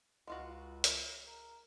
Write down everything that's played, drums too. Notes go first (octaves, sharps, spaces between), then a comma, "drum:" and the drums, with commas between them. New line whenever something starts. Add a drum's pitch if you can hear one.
C#2 G#3 F4 F#4
drum: hi-hat
A#4